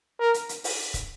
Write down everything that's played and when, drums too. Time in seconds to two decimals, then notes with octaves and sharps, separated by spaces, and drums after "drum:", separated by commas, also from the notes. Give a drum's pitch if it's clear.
0.20 A#4
0.34 drum: hi-hat
0.49 drum: hi-hat
0.64 drum: open hi-hat
0.94 drum: kick, hi-hat